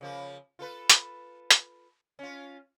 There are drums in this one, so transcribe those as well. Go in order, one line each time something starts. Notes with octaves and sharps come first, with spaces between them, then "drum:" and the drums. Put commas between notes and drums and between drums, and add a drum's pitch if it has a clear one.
C#3 F3 A#3
F4 A4 B4
drum: hi-hat
drum: hi-hat
C#4 F4